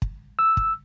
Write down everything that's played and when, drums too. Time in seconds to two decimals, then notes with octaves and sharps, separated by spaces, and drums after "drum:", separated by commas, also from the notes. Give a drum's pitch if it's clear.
0.02 drum: kick
0.39 E6
0.57 drum: kick